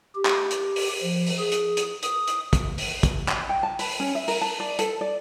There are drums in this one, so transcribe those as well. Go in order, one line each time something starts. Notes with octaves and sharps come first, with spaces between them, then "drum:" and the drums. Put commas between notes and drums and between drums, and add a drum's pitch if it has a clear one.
G4
drum: clap
drum: hi-hat
drum: open hi-hat
F3
drum: open hi-hat
G#4
drum: hi-hat
drum: hi-hat
D#6, drum: hi-hat
drum: hi-hat
drum: kick, hi-hat
drum: open hi-hat
drum: kick, hi-hat
drum: clap
G5
A5
B4, drum: open hi-hat
C#4
E5
A#4, drum: open hi-hat
A5
D5
A4, drum: hi-hat
D5